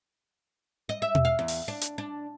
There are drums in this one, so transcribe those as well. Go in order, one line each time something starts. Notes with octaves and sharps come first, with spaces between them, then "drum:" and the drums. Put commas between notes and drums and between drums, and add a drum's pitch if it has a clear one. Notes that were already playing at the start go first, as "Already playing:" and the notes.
D#5
E5
drum: tom B2
F5
E2
drum: open hi-hat
D4
drum: hi-hat
D4